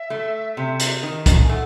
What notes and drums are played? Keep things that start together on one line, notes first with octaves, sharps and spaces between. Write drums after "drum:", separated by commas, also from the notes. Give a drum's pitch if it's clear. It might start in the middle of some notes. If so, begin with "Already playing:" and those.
Already playing: E5
A3
C3
drum: hi-hat
D#3
drum: kick, hi-hat
G#5
A3 F#5